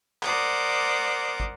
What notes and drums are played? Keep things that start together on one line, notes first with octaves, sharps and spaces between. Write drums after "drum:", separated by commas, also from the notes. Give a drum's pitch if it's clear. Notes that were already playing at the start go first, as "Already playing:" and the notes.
A#4 C5 D5 F#5 D6 D#6, drum: clap
drum: kick